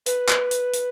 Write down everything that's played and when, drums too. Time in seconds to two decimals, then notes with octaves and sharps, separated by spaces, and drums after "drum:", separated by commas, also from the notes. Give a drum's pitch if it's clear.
0.06 B4, drum: hi-hat
0.29 drum: clap
0.51 drum: hi-hat
0.73 drum: hi-hat